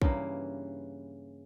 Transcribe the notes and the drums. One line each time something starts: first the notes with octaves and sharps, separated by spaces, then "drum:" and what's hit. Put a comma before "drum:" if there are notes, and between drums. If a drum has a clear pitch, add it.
G2 C#3 E3 A#3, drum: kick